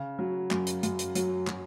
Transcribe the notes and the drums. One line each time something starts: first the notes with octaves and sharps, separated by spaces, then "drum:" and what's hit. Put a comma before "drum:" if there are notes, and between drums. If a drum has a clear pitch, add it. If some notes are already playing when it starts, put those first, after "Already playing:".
Already playing: C#3
F#3
F#2, drum: clap
drum: hi-hat
F#2, drum: hi-hat
drum: hi-hat
F#3, drum: hi-hat
F#3, drum: clap